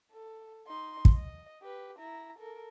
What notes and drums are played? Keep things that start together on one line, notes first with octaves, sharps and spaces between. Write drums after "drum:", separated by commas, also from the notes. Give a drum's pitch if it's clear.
A4
D#4 C6
drum: kick
D#5
G4 B4
E4 A#5
A4 A#4